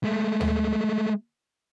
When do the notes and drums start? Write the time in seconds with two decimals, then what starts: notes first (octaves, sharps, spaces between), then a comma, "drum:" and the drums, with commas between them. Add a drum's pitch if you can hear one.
0.04 G#3 A3
0.41 drum: tom D2